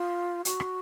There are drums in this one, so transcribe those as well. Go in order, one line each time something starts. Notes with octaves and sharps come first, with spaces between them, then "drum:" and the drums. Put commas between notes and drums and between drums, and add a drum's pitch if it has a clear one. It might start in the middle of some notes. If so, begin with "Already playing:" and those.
Already playing: F4
F#4, drum: hi-hat
drum: rim click